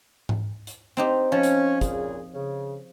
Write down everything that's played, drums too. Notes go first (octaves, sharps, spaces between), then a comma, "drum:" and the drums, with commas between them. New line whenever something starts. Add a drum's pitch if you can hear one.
drum: tom G#2
drum: hi-hat
C4 D#4 G4
F3 C#4
drum: hi-hat
A#2 C#3 G#4, drum: kick, hi-hat
C#3